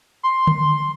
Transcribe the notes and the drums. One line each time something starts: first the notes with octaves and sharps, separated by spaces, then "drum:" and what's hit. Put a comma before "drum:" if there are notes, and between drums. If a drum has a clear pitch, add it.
C6
drum: tom D3